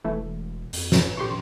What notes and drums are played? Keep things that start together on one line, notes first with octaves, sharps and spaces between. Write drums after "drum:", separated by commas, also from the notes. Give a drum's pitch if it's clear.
E1 E3 A3
F2, drum: hi-hat
drum: snare
A#2 G4 C6 C#6